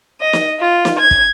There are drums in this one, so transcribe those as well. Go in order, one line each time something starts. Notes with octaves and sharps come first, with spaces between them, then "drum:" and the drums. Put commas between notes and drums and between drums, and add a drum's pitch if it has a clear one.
D#5
drum: snare
F4
drum: snare
G#6
drum: kick